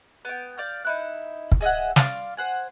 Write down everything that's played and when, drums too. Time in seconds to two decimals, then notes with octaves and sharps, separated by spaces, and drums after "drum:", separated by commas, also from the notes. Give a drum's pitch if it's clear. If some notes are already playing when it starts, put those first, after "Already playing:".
0.25 B3 G5
0.58 D5 F5 G6
0.85 D#4 E4 F#6
1.52 drum: kick
1.61 G#4 D#5 E5 F#5
1.96 D5 F5 A#5 C6, drum: snare
2.37 C5 F#5 G#5